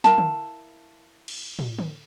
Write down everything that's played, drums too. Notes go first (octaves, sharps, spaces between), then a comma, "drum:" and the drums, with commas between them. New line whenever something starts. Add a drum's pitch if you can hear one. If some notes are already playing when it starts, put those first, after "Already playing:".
E4 A#4 F5 A5, drum: snare
drum: tom D3
drum: cymbal
drum: tom
drum: tom D3